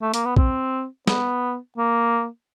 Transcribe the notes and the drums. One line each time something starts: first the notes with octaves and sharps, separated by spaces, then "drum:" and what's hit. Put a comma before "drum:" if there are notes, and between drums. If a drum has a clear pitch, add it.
A3
A#3, drum: hi-hat
B3
C4, drum: kick A#1
B3, drum: snare
A#3